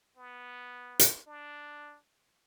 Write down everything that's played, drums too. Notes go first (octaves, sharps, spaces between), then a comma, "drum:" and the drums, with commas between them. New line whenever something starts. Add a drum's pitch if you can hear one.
B3
drum: hi-hat
D4